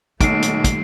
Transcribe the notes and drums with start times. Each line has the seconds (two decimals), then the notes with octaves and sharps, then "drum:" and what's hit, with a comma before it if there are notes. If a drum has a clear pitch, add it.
0.21 B1 D#3 G3 A3 A#3 C7 D7, drum: kick, hi-hat
0.42 drum: hi-hat
0.64 drum: kick, hi-hat